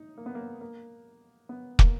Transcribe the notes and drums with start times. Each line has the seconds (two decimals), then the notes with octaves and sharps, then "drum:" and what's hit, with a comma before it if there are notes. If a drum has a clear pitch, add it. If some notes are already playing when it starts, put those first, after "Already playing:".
Already playing: D#4
0.18 A#3
0.26 B3
0.35 A#3
0.61 A#3
1.49 B3
1.79 A#3, drum: kick